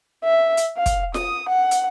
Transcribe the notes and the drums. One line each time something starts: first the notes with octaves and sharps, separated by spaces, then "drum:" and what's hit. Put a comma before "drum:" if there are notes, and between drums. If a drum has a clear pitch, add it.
E5
drum: hi-hat
F5
drum: kick, hi-hat
D#6, drum: snare F4
F#5
drum: hi-hat